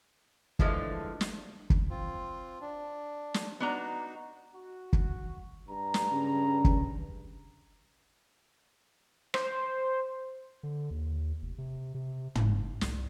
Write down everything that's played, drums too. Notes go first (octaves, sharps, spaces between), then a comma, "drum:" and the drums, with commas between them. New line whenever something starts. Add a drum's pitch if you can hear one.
D3 E3 F3 G#3 A3, drum: kick
drum: snare
drum: kick
C4 F4
D4
drum: snare
B3 D4 D#4 F#4 A#5
F#4
drum: kick
G2 A#5
drum: snare
C#3
drum: kick
C5, drum: rim click
D3
D#2
F1
C3
C3
F#1, drum: tom
C2, drum: snare